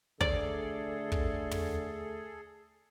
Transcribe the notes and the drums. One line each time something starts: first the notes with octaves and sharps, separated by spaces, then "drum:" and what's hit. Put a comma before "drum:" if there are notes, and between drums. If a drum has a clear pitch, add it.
D3 A3 G#4 A4 D5, drum: kick
drum: kick
drum: tom